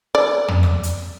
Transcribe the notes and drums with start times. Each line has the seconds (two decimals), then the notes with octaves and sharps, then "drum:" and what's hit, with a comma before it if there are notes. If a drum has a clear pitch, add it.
0.15 D5
0.48 drum: tom
0.63 drum: rim click
0.83 drum: hi-hat